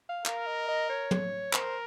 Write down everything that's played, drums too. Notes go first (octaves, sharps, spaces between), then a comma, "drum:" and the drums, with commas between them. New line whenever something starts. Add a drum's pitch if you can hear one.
F5
A#4 F5, drum: clap
D#5
D#5
C#5
drum: tom
A#4 C5, drum: clap